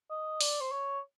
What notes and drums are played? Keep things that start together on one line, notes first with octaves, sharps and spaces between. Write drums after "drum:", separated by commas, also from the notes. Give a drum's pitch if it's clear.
D#5
D5, drum: open hi-hat
C5
C#5